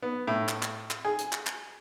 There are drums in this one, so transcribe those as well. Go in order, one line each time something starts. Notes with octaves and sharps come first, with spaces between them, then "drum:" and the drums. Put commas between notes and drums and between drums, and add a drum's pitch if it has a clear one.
B3
A2
drum: clap
drum: clap
drum: clap
G#4
drum: hi-hat
drum: clap
drum: clap